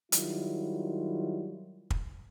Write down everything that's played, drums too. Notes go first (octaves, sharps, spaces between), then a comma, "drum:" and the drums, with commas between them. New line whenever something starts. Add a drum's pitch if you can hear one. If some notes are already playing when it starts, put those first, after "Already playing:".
D#3 F#3 G3 E4 F4, drum: hi-hat
drum: kick